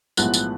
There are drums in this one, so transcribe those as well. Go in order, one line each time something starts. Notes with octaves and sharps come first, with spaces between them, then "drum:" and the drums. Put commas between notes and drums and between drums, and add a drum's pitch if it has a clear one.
B1 A2 F3 G#3 B3 F#6, drum: tambourine
drum: tambourine